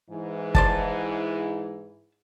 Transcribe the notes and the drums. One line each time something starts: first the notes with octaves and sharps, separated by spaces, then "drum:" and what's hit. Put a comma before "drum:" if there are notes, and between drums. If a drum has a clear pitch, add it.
G#2 E3
C5 D5 A5, drum: kick